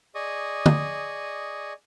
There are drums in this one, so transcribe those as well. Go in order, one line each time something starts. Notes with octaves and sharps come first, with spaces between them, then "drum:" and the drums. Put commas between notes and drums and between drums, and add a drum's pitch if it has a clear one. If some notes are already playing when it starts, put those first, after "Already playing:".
G#4 D5 D#5 C#6 D#6
drum: tom